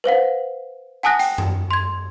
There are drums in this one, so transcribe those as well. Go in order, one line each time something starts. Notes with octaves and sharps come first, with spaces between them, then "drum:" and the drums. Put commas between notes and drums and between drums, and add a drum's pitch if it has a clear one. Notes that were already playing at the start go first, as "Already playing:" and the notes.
B4 C5 F5 F#5
F#5 G#5 A5 D#6 F#6 A#6
G5, drum: hi-hat
drum: tom F#2
C6 G#6